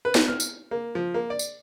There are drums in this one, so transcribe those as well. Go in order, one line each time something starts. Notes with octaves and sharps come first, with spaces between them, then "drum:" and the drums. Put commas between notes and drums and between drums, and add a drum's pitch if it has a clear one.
B4
drum: snare
F6
drum: tambourine
A#3
F3
A#3
D5
drum: tambourine